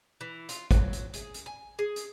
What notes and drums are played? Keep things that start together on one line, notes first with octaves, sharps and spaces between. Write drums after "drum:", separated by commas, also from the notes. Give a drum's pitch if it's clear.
E3
F4, drum: hi-hat
F#3, drum: kick, hi-hat
drum: hi-hat
G#4, drum: hi-hat
drum: hi-hat
G#5
G#4
drum: hi-hat